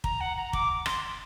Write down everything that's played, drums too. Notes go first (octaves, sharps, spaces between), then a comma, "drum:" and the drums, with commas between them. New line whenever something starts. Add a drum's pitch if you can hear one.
A#5, drum: kick
F#5
A#5
D6, drum: kick
C6, drum: rim click